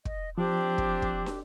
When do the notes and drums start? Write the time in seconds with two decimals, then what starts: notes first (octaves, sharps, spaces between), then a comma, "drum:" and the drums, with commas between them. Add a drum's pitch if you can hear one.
0.05 D#5, drum: kick
0.38 F3 C4 D4 G4
0.78 drum: kick
1.02 drum: kick
1.26 drum: snare